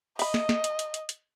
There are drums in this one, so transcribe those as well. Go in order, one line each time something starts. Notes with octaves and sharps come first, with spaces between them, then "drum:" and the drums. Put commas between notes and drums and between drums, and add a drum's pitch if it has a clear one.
D#5 E5 B5, drum: open hi-hat
drum: snare
drum: snare
drum: hi-hat
drum: hi-hat
drum: hi-hat
drum: hi-hat